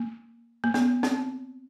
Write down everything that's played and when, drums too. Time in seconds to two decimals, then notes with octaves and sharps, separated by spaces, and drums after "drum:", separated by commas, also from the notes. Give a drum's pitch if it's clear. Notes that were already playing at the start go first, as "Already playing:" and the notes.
Already playing: A#3
0.64 A#3
0.74 B3, drum: snare
1.03 C4, drum: snare